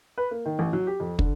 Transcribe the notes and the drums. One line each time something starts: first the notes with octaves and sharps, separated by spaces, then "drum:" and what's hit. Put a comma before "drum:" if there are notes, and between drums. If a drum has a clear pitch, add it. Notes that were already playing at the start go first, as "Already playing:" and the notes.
B4
A#3
D#3
A1
F#3
G4
F2
D3, drum: kick